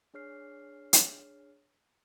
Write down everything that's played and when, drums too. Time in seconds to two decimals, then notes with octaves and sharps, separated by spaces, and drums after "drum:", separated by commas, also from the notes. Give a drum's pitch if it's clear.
0.14 D4 G#4 C#5 F6 C7
0.93 drum: hi-hat